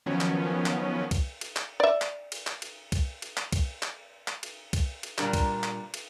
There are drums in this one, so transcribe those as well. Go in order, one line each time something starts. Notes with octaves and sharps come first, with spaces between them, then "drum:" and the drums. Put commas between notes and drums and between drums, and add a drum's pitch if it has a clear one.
D#3 F3 F#3 B3 C#4
drum: clap
drum: clap
drum: kick C2, cymbal
drum: cymbal
drum: clap
D5 E5
drum: clap
drum: cymbal
drum: clap
drum: cymbal
drum: kick C2, cymbal
drum: cymbal
drum: clap
drum: kick C2, cymbal
drum: clap
drum: clap
drum: cymbal
drum: kick C2, cymbal
drum: cymbal
A#2 G3 D4 A#4, drum: clap
drum: kick C2, cymbal
drum: clap
drum: cymbal